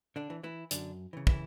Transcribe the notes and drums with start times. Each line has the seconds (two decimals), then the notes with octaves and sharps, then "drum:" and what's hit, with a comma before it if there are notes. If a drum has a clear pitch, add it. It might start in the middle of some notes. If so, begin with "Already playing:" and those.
0.16 D3 D4
0.30 E3
0.43 E3 E4
0.71 F#2 D3 D4, drum: hi-hat
1.13 C#3 E3
1.27 E3 E4, drum: kick